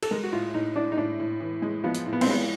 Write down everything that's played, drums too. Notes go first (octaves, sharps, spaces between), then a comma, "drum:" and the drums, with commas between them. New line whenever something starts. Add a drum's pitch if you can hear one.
A4, drum: cymbal
G#3 A#4
F#4
A2 F4
A2 D#4
A2 D4
D#4
A2 D4
A2
E3
G#3
F3 B3
drum: hi-hat
A2
B3
C4, drum: cymbal
G#3 B3